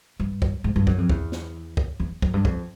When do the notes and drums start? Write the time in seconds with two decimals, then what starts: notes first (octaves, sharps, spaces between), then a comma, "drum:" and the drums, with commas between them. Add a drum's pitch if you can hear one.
0.20 G2
0.42 drum: kick
0.64 G#2
0.76 G2
0.87 F#2, drum: kick
0.98 F2
1.09 E2, drum: kick
1.32 drum: snare
1.77 drum: kick
2.00 E2
2.22 F#2, drum: kick
2.34 G2
2.45 F2, drum: kick